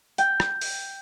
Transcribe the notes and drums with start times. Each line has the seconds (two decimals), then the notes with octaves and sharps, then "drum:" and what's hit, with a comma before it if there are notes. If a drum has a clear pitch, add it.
0.18 G5, drum: hi-hat
0.40 drum: rim click
0.61 drum: open hi-hat